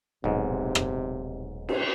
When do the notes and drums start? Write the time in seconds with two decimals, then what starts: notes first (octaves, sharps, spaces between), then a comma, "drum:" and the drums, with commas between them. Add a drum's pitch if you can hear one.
0.24 D#1 B1 G#2 C3
0.75 drum: rim click
1.69 drum: cymbal